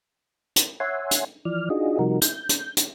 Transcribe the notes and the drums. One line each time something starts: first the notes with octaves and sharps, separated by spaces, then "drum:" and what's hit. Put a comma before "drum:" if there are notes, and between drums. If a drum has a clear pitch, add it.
drum: hi-hat
C#5 E5 F#5 G#5 C6
drum: hi-hat
E3 F3 D5 F6
D4 D#4 F4 F#4 G#4 D#5
C3 F3 G3 D#4 F#4 A#4
G6, drum: hi-hat
drum: hi-hat
drum: hi-hat